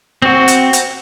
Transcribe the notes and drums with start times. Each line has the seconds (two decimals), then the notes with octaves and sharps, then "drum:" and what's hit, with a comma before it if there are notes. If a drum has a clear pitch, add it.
0.22 C4 F#4
0.48 drum: hi-hat
0.73 drum: hi-hat